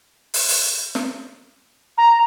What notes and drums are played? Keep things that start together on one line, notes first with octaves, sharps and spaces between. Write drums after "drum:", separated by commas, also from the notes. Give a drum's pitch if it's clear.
drum: open hi-hat
drum: open hi-hat
drum: snare
A#5